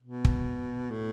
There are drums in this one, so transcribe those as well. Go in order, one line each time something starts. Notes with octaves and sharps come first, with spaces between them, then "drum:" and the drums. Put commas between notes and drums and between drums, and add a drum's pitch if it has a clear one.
B2
drum: kick
A2